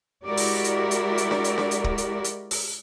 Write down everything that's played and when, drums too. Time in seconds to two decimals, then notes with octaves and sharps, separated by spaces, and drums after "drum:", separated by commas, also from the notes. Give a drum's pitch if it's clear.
0.24 G#3 E4 F#4 G4 A#4 D5
0.38 drum: open hi-hat
0.64 drum: hi-hat
0.91 drum: hi-hat
1.18 drum: hi-hat
1.31 drum: snare D4
1.44 drum: hi-hat
1.58 drum: snare D4
1.71 drum: hi-hat
1.84 drum: kick
1.98 drum: hi-hat
2.24 drum: hi-hat
2.51 drum: open hi-hat